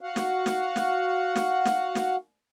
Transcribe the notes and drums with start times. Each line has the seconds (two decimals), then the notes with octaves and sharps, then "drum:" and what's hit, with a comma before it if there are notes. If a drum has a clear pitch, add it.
0.01 F#4 F5 F#5
0.16 drum: snare
0.46 drum: snare
0.76 drum: snare
1.35 drum: snare
1.65 drum: snare
1.95 drum: snare